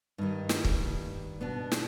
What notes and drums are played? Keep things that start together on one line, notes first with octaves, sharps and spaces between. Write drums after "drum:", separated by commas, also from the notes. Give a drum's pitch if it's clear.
G2 D#3 G3 D#4
drum: snare
drum: kick
B2 B3 D4
drum: snare